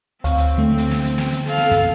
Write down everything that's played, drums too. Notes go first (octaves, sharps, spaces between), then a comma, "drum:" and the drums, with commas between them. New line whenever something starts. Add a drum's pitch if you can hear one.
D2 C4 C#5 F5, drum: hi-hat
drum: hi-hat
D3 A3
drum: hi-hat
drum: snare
drum: hi-hat
drum: snare
drum: hi-hat
A4 F5, drum: hi-hat
drum: snare
drum: kick, hi-hat